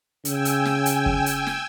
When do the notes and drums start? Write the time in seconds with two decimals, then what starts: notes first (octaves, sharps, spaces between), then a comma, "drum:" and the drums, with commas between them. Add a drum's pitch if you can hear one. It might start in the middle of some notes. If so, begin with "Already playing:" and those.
0.25 C#3 G5 G#5 E6, drum: hi-hat
0.45 drum: hi-hat
0.65 drum: snare
0.86 drum: hi-hat
1.06 drum: kick
1.26 drum: hi-hat
1.46 drum: snare